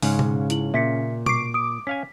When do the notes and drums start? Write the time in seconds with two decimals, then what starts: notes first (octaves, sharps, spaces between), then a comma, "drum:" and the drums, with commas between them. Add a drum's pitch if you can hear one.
0.02 G#2 C#3, drum: open hi-hat
0.19 drum: tom B2
0.50 E4 F#7, drum: hi-hat
0.74 A#2 E5 B6 C#7
1.26 C#6 D6 C7, drum: tom B2
1.54 D#6 D7
1.87 C#4 F5 G#5 B6